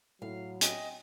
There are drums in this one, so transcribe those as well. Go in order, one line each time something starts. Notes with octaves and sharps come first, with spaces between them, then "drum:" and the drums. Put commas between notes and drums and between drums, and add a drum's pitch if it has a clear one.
A2 F#3 F5
C4 D#5 G#5, drum: hi-hat